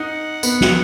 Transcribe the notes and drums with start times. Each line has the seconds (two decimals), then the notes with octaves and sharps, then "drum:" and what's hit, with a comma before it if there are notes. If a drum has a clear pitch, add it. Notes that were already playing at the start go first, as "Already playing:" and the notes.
Already playing: D#4 F#5
0.43 B3, drum: tambourine
0.61 drum: snare